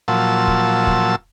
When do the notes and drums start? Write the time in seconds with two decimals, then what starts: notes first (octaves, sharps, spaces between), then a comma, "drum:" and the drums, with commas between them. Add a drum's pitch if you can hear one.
0.08 A#2 F3 F#3 A5 E6
0.47 drum: kick
0.87 drum: kick